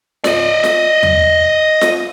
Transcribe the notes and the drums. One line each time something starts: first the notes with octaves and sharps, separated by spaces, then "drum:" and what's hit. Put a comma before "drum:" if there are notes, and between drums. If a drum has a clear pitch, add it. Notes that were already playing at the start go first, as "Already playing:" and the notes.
D5 D#5, drum: snare F4
drum: snare F4
drum: tom E2
drum: snare F4